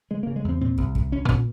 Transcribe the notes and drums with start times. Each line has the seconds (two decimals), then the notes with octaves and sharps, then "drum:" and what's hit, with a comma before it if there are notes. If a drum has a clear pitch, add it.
0.11 C#3 G#3
0.23 A#3
0.27 C#3
0.36 G#3
0.44 E2 C4
0.61 A#2 C4
0.78 C2, drum: kick
0.95 C2, drum: kick
1.12 C2 C#4
1.29 A#2 C#4, drum: kick